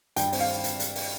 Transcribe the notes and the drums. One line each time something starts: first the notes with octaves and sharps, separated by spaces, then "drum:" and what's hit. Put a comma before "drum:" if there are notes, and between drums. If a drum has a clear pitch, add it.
G2 G5, drum: hi-hat
C4, drum: open hi-hat
F5
drum: hi-hat
drum: hi-hat
drum: open hi-hat